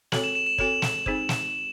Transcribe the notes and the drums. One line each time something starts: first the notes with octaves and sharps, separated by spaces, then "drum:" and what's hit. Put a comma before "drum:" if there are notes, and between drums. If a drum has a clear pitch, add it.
C4 F#4 A4 C#5 F#7, drum: snare
E7
E7
E7
C4 F#4 A4 C#5 E7, drum: kick
drum: snare
C4 D#4 G#4 C5, drum: kick
drum: snare